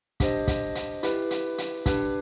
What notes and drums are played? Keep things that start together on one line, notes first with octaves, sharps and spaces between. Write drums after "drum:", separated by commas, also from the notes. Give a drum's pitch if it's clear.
D4 G4 C5 D#5, drum: kick, hi-hat
drum: kick, hi-hat
drum: hi-hat
E4 G4 B4, drum: hi-hat
drum: hi-hat
drum: hi-hat
D4 G4 B4, drum: kick, hi-hat